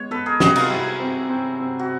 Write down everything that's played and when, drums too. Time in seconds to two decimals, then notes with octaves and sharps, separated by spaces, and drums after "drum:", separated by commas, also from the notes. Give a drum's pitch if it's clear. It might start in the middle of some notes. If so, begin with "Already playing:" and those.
Already playing: G#3 B3 C#5
0.11 B3 A4 B4
0.26 G#4 A#4
0.40 C3 F#4 G#4, drum: snare
0.56 D#4 F4, drum: cymbal
0.70 G3 E4 F#4
1.00 C4
1.29 C4
1.59 C4
1.79 F#4